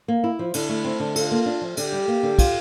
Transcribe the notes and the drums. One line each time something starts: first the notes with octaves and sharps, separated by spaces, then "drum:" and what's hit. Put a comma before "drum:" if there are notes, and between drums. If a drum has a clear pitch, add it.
A#3
E4
F3
D3 E4, drum: cymbal
A3
C4
D3
F4 A4, drum: cymbal
A#3
D4
F3
D3 G4, drum: cymbal
G3
A#3
D3
F4, drum: kick, cymbal